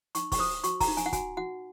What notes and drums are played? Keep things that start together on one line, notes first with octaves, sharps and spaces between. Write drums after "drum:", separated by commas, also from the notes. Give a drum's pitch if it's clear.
D#4 C#6, drum: hi-hat
C#6, drum: kick, open hi-hat
C5 D#6
F#4 C#6, drum: hi-hat
A#5, drum: kick, open hi-hat
D#4
G#5, drum: hi-hat
F#5
F#4 G#5, drum: kick, hi-hat
F#4 F#5